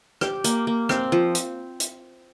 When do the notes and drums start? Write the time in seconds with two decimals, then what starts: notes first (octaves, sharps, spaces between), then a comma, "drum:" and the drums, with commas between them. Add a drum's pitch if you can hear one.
0.21 G4, drum: rim click
0.44 A#3, drum: hi-hat
0.67 A#3
0.89 C4, drum: rim click
1.12 F3
1.35 drum: hi-hat
1.80 drum: hi-hat